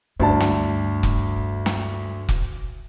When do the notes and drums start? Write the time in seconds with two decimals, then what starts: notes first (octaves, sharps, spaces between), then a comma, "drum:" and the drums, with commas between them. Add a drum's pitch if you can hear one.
0.20 D2 G2 D4 A5
0.40 drum: snare
1.03 drum: kick
1.66 drum: snare
2.29 drum: kick